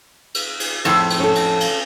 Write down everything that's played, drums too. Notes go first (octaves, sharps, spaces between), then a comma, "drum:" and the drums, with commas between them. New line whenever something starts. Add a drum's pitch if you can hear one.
drum: cymbal
drum: cymbal
F2 A2, drum: cymbal
drum: cymbal
C#4 A4
drum: cymbal
drum: cymbal